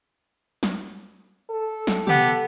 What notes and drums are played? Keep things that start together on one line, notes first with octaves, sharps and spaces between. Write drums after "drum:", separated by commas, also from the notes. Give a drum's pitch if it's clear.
drum: snare
A4
drum: snare
B3 G4, drum: tom